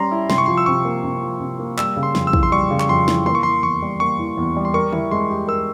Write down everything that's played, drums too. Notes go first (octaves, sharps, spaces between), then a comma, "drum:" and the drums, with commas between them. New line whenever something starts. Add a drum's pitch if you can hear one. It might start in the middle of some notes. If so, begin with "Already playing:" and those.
Already playing: G3 C#4 E4 G4 A#5 C6
E4
C3 C6, drum: snare
C#6
F3 C6
E6
C3 C#6
A#3
C3
F3
C3
A#3
G3 E6, drum: clap
C#3
C6
F2, drum: snare
E6
E3, drum: kick
C6
G3 C#6
C#3
C#6, drum: clap
F2 C6
E3, drum: snare
A#3 C6, drum: tom
C#6
E3 C6
E2 C#6
G3
A#3 C#6
E3
E2
G3
C6
A#4 C#6
E4, drum: tom C#3
G#3 C6
G4
A#4 E6